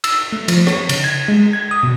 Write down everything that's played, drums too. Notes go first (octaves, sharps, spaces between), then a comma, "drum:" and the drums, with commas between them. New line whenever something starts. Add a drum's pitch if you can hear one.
E6, drum: cymbal
A3
F3, drum: cymbal
C#5, drum: rim click
C#3, drum: cymbal
G#6
G#3
G#6
D#6
B2